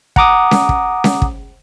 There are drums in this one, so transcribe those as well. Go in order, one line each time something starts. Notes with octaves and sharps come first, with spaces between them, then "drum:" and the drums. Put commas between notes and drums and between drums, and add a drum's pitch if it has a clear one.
F#5 A#5 D6 D#6, drum: kick
drum: snare C#4
drum: kick
drum: snare C#4
drum: kick